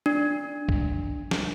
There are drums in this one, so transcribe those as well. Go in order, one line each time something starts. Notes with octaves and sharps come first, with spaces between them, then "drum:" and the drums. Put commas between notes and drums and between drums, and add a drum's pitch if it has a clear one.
D4
drum: kick C2
drum: snare